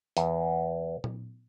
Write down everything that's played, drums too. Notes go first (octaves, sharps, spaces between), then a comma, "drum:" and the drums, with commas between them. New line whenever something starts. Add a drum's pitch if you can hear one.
E2, drum: hi-hat
drum: tom A#2